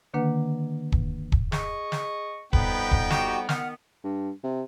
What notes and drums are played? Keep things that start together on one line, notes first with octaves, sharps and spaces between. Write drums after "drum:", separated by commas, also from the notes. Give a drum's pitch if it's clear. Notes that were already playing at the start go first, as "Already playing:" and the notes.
D3 D#3 A#3 D4 B4 F#5
drum: kick
drum: kick
G#4 D#5 C#6, drum: snare
drum: snare
F2 G3 B3 D#4 B4 G5, drum: kick
drum: kick
F#4 G4, drum: snare
D#3 B3 F#5 F6, drum: snare
G2
C3